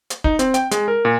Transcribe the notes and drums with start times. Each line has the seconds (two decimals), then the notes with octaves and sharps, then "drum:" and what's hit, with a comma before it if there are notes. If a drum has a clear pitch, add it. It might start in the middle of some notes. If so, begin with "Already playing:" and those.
0.10 drum: hi-hat
0.24 D#4, drum: kick
0.39 C4, drum: hi-hat
0.54 G5, drum: hi-hat
0.71 G#3, drum: hi-hat
0.88 A#4
1.05 A#2